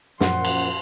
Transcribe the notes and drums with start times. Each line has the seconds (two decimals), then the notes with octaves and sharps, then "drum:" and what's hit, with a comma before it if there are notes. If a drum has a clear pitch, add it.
0.20 F#2 A#2 F3 F#5 C6, drum: snare
0.45 drum: cymbal